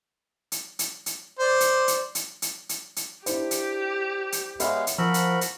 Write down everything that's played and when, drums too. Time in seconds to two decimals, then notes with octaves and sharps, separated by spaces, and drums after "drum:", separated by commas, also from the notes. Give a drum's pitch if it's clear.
0.52 drum: hi-hat
0.79 drum: hi-hat
1.06 drum: hi-hat
1.39 C5 D5
1.60 drum: hi-hat
1.88 drum: hi-hat
2.15 drum: hi-hat
2.42 drum: hi-hat
2.69 drum: hi-hat
2.96 drum: hi-hat
3.26 D4 E4 G4 C5, drum: hi-hat
3.51 drum: hi-hat
4.32 drum: hi-hat
4.60 G#3 B3 C#5 E5 F5 B5, drum: hi-hat
4.87 drum: hi-hat
4.98 F3 F#4 A#4 B5 E6
5.14 drum: hi-hat
5.41 drum: hi-hat